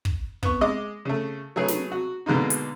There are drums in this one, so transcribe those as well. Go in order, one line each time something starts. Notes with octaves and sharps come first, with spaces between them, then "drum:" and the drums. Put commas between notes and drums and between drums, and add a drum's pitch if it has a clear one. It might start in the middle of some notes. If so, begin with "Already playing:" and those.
drum: kick
B3 C#6, drum: kick
G#3 D#5 D6
C#3 A3
F#3 A3 G#4 B4 C#5
drum: snare
F#4
B2 D3 G#3 A#3 D#4
drum: hi-hat